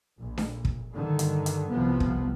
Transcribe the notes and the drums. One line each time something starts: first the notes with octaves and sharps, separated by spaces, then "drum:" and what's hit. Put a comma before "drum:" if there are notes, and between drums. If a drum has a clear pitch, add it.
A#1
drum: snare D4
drum: kick
G2 D3 D#3
drum: hi-hat
drum: hi-hat
C2 C3 F3 B3
drum: kick